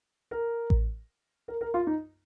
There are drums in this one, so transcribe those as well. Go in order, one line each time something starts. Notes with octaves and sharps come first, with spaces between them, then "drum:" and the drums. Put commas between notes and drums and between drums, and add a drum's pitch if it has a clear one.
A#4
drum: kick A1
A#4
A#4
F4
D#4